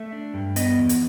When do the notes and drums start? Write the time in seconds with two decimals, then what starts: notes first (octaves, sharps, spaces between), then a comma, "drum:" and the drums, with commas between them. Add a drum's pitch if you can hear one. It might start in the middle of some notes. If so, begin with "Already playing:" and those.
Already playing: A3 E5
0.12 D4
0.34 G2
0.56 B3 D#5, drum: hi-hat
0.79 E2
0.89 drum: hi-hat